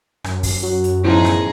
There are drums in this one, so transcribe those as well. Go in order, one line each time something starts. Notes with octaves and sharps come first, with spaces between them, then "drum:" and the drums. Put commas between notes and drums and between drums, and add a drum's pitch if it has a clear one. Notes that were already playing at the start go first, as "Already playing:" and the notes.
F#2, drum: rim click
drum: kick, open hi-hat
F#3
drum: hi-hat
E2 A2 C#3 F3 D#4 G#4
drum: rim click